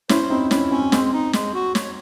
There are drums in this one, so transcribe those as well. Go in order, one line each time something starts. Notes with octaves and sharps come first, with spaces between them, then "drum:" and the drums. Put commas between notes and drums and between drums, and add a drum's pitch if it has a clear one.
C#4 E4 C5, drum: snare
C4 D#4 E4
C#4 E4, drum: snare
C4 C#4
G#3 C4, drum: snare
D#4
G#3, drum: snare
F#4
C#5, drum: snare